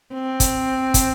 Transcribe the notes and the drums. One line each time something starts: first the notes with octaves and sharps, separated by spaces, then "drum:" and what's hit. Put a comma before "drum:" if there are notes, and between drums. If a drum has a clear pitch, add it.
C4
drum: kick, hi-hat
drum: kick, hi-hat